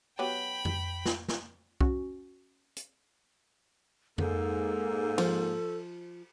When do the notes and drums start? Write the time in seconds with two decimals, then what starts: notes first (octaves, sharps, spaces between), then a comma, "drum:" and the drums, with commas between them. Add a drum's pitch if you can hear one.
0.19 F#3 B3 G4 G5 B5
0.65 drum: tom F2
1.06 drum: snare
1.28 drum: snare
1.81 C#4 F#4, drum: kick
2.76 drum: hi-hat
4.18 G#2 A#3 A4, drum: tom F2
5.18 F3, drum: cymbal